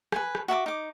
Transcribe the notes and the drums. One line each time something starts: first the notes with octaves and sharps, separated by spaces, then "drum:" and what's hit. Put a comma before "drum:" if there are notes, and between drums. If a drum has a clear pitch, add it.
B4 G#5, drum: rim click
drum: rim click
F#4 E5 A5 D6
D#4 D6